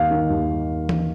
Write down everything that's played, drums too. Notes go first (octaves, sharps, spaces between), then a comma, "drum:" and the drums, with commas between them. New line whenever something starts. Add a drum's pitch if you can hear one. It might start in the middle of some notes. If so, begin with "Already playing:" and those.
Already playing: D#2 F5
D#3
D#2
drum: tom E3